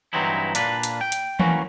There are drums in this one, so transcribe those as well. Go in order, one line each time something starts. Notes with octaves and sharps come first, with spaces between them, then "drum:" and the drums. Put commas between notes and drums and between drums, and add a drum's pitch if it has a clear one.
G2 E3 F#3 C4 D#4 E4
A#2 A#3 D4 B4, drum: hi-hat
drum: hi-hat
G5
drum: hi-hat
E3 A#3 C#4 F#4, drum: tom E3